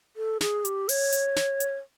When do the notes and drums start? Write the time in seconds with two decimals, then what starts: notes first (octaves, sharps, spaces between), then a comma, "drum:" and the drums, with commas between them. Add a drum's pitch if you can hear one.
0.16 A4
0.41 G#4, drum: snare
0.65 G4, drum: hi-hat
0.89 C#5, drum: open hi-hat
1.12 drum: hi-hat
1.36 drum: snare
1.60 drum: hi-hat